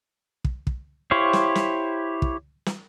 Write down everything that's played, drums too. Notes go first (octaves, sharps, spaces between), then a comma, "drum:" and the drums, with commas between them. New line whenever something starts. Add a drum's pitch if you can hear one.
drum: kick
drum: kick
E4 G4 C5 C#5 F5
drum: snare
drum: snare
drum: kick
drum: snare